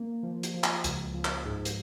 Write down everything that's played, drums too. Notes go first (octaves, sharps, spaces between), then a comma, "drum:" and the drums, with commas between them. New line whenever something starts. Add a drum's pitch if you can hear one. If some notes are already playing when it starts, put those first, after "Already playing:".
Already playing: A#3
F3
drum: hi-hat
F3
drum: clap
C#2, drum: hi-hat
F3
drum: clap
G#2
drum: hi-hat